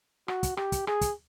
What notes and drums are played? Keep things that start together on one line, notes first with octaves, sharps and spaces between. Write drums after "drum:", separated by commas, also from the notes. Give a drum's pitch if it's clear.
F#4, drum: rim click
drum: kick, hi-hat
G4, drum: rim click
drum: kick, hi-hat
G#4, drum: rim click
drum: kick, hi-hat